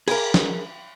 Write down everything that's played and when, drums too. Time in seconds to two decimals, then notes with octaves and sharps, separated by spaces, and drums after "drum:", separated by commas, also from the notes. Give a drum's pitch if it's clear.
0.08 G#4 A#4, drum: cymbal
0.34 drum: snare